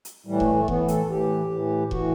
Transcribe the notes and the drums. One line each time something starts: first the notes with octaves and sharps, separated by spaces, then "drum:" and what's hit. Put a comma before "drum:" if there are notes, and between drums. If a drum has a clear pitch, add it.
drum: hi-hat
A2 E3 G3
A3, drum: kick E1
A3
A2 E3 B3, drum: kick E1
A4, drum: hi-hat
A2 E3 G4
A2 E3
A2 E3 F#4, drum: kick E1